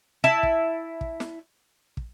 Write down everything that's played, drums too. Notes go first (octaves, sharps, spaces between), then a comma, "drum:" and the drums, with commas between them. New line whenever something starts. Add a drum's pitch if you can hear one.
E4 A5
drum: kick
drum: kick
drum: snare
drum: kick